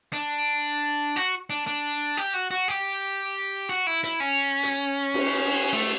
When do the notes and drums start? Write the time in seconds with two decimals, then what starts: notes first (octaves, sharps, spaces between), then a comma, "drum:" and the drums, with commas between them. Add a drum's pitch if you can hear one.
0.13 D4
1.16 F#4
1.50 D4
1.67 D4
2.17 G4
2.34 F#4
2.51 F#4
2.68 G4
3.69 F#4
3.87 E4
4.04 E4, drum: hi-hat
4.20 C#4
4.63 drum: hi-hat
5.14 drum: cymbal
5.73 A3